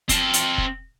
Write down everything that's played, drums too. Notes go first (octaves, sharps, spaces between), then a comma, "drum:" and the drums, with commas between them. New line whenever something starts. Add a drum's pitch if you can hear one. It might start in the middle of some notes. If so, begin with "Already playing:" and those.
C4 A5, drum: kick F1, hi-hat
drum: hi-hat
drum: kick F1